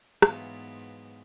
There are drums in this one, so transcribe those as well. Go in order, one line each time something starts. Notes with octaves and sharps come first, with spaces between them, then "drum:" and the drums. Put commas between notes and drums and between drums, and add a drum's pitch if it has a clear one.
G#2 E3 F#3 B3 F4, drum: rim click